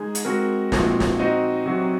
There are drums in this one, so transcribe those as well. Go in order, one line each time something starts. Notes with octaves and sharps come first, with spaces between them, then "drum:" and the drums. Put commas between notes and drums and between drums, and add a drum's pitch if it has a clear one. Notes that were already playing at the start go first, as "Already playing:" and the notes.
Already playing: G#3 D#4 G#4
drum: hi-hat
G#3 C4 F#4 A#4
A#2 F3 G#3 C4 F#4, drum: snare
drum: snare
C4 D#4 F#4 C5 D#5
C3 F#3 C4 D#4 F#4